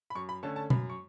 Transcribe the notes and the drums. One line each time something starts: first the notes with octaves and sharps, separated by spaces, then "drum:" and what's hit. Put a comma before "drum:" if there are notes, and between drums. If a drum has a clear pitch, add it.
B5
F#2 C#6
B5
D3 A3 C#4 A5
A5
F#2 B5, drum: tom B2
C#6